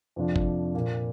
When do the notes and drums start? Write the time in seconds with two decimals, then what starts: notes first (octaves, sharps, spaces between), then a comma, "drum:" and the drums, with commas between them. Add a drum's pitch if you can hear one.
0.16 F2 C3 F3 D4 F4
0.36 drum: kick
0.74 A#2 A#3 F4